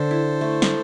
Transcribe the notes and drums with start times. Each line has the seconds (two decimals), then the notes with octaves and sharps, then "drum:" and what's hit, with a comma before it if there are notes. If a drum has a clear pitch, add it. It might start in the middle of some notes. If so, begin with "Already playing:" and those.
Already playing: D3 A4 C5
0.11 E4
0.41 A3
0.62 drum: snare